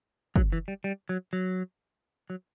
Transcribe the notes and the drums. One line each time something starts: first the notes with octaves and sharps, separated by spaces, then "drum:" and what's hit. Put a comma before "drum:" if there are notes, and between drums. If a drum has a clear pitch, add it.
F#3, drum: kick
E3
G3
G3
F#3
F#3
F#3